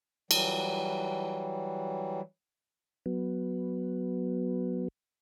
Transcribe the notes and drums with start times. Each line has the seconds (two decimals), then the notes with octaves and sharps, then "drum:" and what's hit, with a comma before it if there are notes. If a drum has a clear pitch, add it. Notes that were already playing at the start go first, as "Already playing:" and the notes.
0.31 E3 F#3 G3, drum: cymbal
3.06 F#3 B3